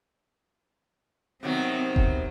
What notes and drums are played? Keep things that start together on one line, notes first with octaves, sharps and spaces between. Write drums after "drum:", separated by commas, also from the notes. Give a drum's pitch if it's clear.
C3 D#3 F#3 B3 C4
drum: kick F1